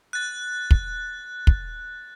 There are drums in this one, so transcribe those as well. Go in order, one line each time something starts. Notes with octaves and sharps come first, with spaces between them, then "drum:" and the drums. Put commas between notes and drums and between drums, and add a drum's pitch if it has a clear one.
F#6 A6
drum: kick
drum: kick